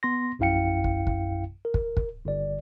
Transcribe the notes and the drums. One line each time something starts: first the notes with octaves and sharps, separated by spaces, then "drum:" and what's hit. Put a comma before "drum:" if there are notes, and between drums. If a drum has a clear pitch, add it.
B3 C6 A#6
A#1 F#2 E4 F5 G5 C#7
drum: kick
drum: kick
A#4
drum: kick
drum: kick
G1 D5